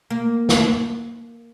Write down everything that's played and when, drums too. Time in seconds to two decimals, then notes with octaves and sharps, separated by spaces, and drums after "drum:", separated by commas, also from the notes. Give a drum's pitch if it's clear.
0.11 A#3
0.49 drum: snare